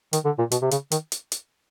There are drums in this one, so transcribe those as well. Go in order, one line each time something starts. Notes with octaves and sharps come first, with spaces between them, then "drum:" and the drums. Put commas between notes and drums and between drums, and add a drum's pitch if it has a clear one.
D#3, drum: hi-hat
D3
A#2
B2, drum: hi-hat
C3
C#3, drum: hi-hat
D#3, drum: hi-hat
drum: hi-hat
drum: hi-hat